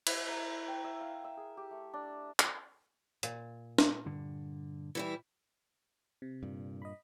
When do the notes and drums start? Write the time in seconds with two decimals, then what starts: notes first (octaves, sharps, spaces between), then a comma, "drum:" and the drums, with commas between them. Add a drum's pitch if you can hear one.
0.07 E4, drum: cymbal
0.28 A#4
0.68 G5
0.84 E5
1.01 F5
1.24 E5
1.37 G#4
1.57 G4
1.71 A3
1.93 D4
2.40 drum: clap
3.23 A#2, drum: hi-hat
3.78 drum: snare
4.06 G2 D3
4.95 E3 G3 E4
6.22 C3
6.43 G2 A#2
6.82 D#5 B5